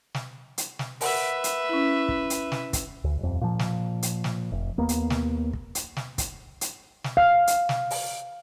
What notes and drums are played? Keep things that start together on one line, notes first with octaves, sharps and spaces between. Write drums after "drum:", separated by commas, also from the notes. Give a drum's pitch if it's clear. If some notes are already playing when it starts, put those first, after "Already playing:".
drum: snare
drum: hi-hat
drum: snare
A#4 B4 E5 F#5, drum: open hi-hat
drum: hi-hat
C#4 E4
drum: kick
drum: hi-hat
drum: snare
drum: kick, hi-hat
D2
D#1 F2
A#2 F3
drum: snare
drum: hi-hat
drum: snare
F1
D#2 A#3 B3
drum: hi-hat
drum: snare
drum: kick
drum: hi-hat
drum: snare
drum: kick, hi-hat
drum: hi-hat
drum: snare
F5
drum: hi-hat
drum: snare
drum: open hi-hat